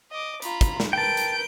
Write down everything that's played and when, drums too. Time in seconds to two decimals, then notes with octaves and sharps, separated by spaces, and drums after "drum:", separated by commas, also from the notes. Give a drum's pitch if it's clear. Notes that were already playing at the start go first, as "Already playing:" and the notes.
0.12 D#5 D6
0.42 F4 A#5 B5, drum: hi-hat
0.61 drum: kick, hi-hat
0.80 drum: snare
0.93 A#4 B4 G5 A5 G6 D7
1.17 drum: hi-hat